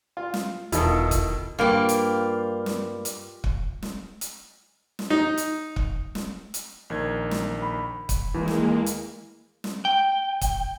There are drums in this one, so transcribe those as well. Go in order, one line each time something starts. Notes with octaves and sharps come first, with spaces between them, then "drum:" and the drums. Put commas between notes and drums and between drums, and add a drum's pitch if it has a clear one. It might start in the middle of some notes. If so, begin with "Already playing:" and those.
F4
drum: snare
E1 B2 D#3 E4 F4 A4 D#5, drum: hi-hat
drum: kick, hi-hat
G2 A#3 F4 G4
drum: hi-hat
drum: snare
drum: hi-hat
drum: kick
drum: snare
drum: hi-hat
drum: snare
D#4
drum: hi-hat
drum: kick
drum: snare
drum: hi-hat
A#1 D#3 G#6
drum: snare
B5
drum: kick, hi-hat
D#2 E3 G#3 A#3
drum: snare
drum: hi-hat
drum: snare
G5
drum: kick, hi-hat